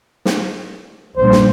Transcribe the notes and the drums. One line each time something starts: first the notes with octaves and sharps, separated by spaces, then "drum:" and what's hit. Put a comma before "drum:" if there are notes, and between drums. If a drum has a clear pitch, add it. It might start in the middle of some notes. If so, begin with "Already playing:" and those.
drum: snare
A#1 G2 C5
drum: snare